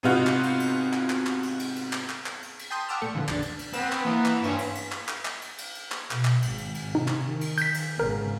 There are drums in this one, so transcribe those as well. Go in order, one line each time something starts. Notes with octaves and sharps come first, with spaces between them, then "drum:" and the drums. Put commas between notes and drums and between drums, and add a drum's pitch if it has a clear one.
G#2 C3 B3 D#4 F4 F#4
drum: clap
drum: cymbal
drum: cymbal
drum: clap
drum: clap
drum: clap
drum: cymbal
drum: cymbal
drum: cymbal
drum: clap
drum: clap
drum: clap
drum: cymbal
drum: cymbal
G5 A5 C6 D#6 G6
F#5 G5 A5 D6 E6 F6
A#2 A3 A4 C#7
A#2 D3 E3 F3 B3
A#1 E2 D4 A6, drum: clap
drum: cymbal
drum: cymbal
B3 C4, drum: cymbal
drum: clap
E3 A#3
drum: clap
G2 C#4 C5, drum: cymbal
drum: cymbal
drum: cymbal
drum: clap
drum: clap
drum: clap
drum: cymbal
drum: cymbal
drum: cymbal
drum: clap
B2, drum: clap
drum: clap
G#1, drum: cymbal
drum: cymbal
drum: cymbal
C3 D#4
drum: clap
D#3
drum: cymbal
G6 B6, drum: cymbal
drum: cymbal
G#1 C#3 B3 A#4